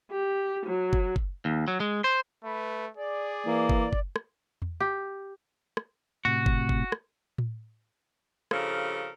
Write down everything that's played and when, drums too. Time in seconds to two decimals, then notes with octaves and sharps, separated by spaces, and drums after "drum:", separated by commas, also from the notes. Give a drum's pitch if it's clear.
0.11 G4
0.66 F#3
0.93 drum: kick F#1
1.16 drum: kick F#1
1.45 D#2
1.68 F#3
1.80 G#3
2.04 C5
2.44 A3 B4
2.97 G#4 D5
3.46 E3 A#3
3.70 drum: kick F#1
3.93 drum: kick F#1
4.16 drum: rim click
4.62 drum: tom E2
4.80 G4
5.77 drum: rim click
6.25 A2 C3 F#4
6.46 drum: kick F#1
6.69 drum: kick F#1
6.92 drum: rim click
7.38 drum: tom A2
8.51 G2 C#3 F3 A4 A#4, drum: rim click